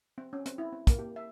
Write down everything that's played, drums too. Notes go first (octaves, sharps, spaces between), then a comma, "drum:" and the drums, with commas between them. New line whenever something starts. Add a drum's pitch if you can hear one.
C4
C#4
C4, drum: hi-hat
E4
C4
A#3, drum: kick, hi-hat
G4
E5